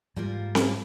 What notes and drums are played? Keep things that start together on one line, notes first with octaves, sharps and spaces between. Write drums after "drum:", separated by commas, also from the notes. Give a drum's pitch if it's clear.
G#2 G3 G#3 A#3 F4 A#4
drum: snare C4